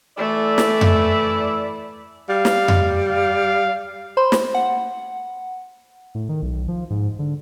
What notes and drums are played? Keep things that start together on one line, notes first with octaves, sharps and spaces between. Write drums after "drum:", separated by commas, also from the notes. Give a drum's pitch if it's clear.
E3 A3 E4 D5
drum: snare
drum: tom F2
G3 F5
drum: snare
drum: tom F2
F5
C5 B5 C6
drum: snare
F#5
A2
D#3
B1
F3
G#2
D3